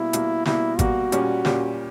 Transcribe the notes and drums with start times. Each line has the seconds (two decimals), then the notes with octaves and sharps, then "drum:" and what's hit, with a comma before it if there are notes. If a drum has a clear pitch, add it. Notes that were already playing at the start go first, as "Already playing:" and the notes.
Already playing: B2 G3 A#3 E4
0.13 B2 G3 A#3, drum: hi-hat
0.45 B2 G3 A#3 E4, drum: snare
0.79 B2 G3 A#3 F#4, drum: kick G#1, hi-hat
1.12 A#2 G3 C#4 G4, drum: hi-hat
1.45 A#2 G3 C#4 G4, drum: snare